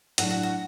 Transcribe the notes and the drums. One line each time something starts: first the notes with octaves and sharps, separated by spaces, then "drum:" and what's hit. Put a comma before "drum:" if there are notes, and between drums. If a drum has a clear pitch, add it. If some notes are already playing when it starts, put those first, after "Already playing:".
A2 F#3 A3 D4 F#4, drum: hi-hat
F#4
F#4